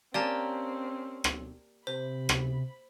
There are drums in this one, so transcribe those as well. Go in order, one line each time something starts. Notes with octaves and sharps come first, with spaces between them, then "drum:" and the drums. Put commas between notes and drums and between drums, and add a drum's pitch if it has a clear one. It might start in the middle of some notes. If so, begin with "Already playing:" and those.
A#3 C4 C#4 G4 D5 G#5 A5
drum: rim click
C3 C5 B5
drum: rim click